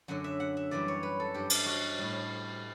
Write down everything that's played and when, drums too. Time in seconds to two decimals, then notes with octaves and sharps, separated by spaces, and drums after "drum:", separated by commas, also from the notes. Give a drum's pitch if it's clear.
0.08 F#2 D3 F#3 F#5
0.24 E5
0.40 F#5
0.57 E5
0.71 F#2 E3 G3 D5
0.88 C#5
1.03 B4
1.20 A4
1.34 G2 F#3 G4
1.50 drum: cymbal
1.66 F#4
1.98 A2 G3